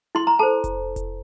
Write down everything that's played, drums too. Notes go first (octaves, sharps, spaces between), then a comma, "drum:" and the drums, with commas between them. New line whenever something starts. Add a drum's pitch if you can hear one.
E4 C6
A#5
A4 C5 A5
drum: kick F1, hi-hat
drum: kick F1, hi-hat